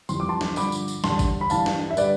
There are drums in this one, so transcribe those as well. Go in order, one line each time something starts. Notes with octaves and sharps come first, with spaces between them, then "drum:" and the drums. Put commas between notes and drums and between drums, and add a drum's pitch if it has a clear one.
F2 E3 G3 C6, drum: tambourine
D6
A5 C6
drum: snare
G2 D3 F3 B5 D6, drum: tambourine
drum: tambourine
drum: tambourine
E2 D3 G3 A5 C6, drum: snare
drum: kick G#1, tambourine
B5
G2 E3 G3 F5 A5, drum: tambourine
drum: snare
E5
D3 G3 B4 D5, drum: tambourine